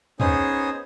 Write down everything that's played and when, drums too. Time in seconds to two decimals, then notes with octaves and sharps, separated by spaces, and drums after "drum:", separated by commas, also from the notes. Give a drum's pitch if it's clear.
0.20 B3 C#4 D#4 G#4 C5 D#6, drum: tom